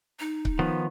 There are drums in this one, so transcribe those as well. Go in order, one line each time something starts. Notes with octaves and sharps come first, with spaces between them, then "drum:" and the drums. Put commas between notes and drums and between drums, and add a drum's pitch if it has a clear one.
D#4
drum: kick C#1
D#3 F3 B3